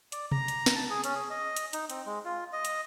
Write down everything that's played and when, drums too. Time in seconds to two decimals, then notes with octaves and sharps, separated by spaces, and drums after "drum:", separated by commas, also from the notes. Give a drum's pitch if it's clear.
0.12 D5, drum: hi-hat
0.32 A#5, drum: tom
0.48 drum: hi-hat
0.66 drum: snare
0.75 A5
0.91 G#4
1.04 C#4, drum: hi-hat
1.15 G#4
1.30 D#5
1.56 drum: hi-hat
1.73 D#4, drum: hi-hat
1.90 C4, drum: hi-hat
2.06 G#3
2.25 F4
2.53 D#5
2.65 drum: hi-hat